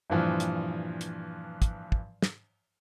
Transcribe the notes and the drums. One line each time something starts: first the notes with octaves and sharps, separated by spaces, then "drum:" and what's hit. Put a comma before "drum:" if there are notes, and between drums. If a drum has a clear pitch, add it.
G2 A#2 E3 F3
drum: hi-hat
drum: hi-hat
drum: kick, hi-hat
drum: kick
drum: snare